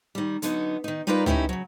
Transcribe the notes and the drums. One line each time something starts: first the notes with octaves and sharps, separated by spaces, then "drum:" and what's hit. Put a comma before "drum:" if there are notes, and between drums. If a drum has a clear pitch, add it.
D#3 G3
D3 F#3 B3 D#4, drum: hi-hat
D#3 D#4
G3 D#4 F4 A#4 B4 D5
A2 C#4 D#4 E4 G4, drum: tom
C#3 F#3